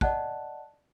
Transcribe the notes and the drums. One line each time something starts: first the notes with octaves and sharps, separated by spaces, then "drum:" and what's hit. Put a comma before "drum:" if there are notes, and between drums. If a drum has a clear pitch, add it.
D5 D#5 F#5 A5 F#6, drum: kick